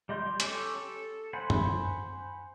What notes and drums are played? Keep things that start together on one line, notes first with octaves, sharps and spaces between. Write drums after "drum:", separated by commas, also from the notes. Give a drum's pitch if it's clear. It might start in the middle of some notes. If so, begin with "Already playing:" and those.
G3 D#5 C6 G6
C#4 G4 A4, drum: hi-hat
A4
C5 F#5 G#5 B5
drum: tom F#2